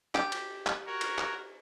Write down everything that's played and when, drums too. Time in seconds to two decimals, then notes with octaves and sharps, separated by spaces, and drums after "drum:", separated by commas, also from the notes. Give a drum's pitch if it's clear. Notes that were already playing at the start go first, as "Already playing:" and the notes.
0.15 G4, drum: clap
0.32 drum: cymbal
0.67 drum: clap
0.86 F#4 A#4 C#5
1.01 drum: cymbal
1.18 drum: clap